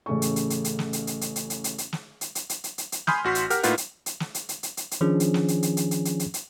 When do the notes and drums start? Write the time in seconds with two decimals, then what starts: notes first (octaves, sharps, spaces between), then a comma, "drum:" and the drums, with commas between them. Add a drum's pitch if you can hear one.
0.06 A1 C#3 A3 C#6
0.22 drum: hi-hat
0.36 drum: hi-hat
0.50 drum: hi-hat
0.64 drum: hi-hat
0.79 drum: snare
0.93 drum: hi-hat
1.07 drum: hi-hat
1.21 drum: hi-hat
1.36 drum: hi-hat
1.50 drum: hi-hat
1.64 drum: hi-hat
1.78 drum: hi-hat
1.93 drum: snare
2.21 drum: hi-hat
2.35 drum: hi-hat
2.49 drum: hi-hat
2.64 drum: hi-hat
2.78 drum: hi-hat
2.92 drum: hi-hat
3.07 G#5 B5 C6 D#6 F6 G6, drum: snare
3.24 A1 F#4 C6 B6
3.35 drum: hi-hat
3.50 G4 A#4 F#5 F6, drum: hi-hat
3.63 A2 A#3 D#4 F4 B4 F#5, drum: hi-hat
3.78 drum: hi-hat
4.06 drum: hi-hat
4.20 drum: snare
4.34 drum: hi-hat
4.49 drum: hi-hat
4.63 drum: hi-hat
4.77 drum: hi-hat
4.91 drum: hi-hat
5.01 D#3 F3 C#4 D4 G#4
5.20 drum: hi-hat
5.34 drum: snare
5.48 drum: hi-hat
5.63 drum: hi-hat
5.77 drum: hi-hat
5.91 drum: hi-hat
6.05 drum: hi-hat
6.19 drum: hi-hat
6.34 drum: hi-hat